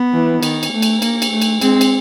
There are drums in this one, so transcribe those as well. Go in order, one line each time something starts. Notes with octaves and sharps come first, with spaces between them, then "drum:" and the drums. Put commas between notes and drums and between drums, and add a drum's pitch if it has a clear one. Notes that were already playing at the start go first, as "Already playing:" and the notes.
Already playing: B3
E3
D#3, drum: cymbal
drum: cymbal
A3
drum: cymbal
A#3, drum: cymbal
drum: cymbal
A3
drum: cymbal
G#3 C4, drum: cymbal
drum: cymbal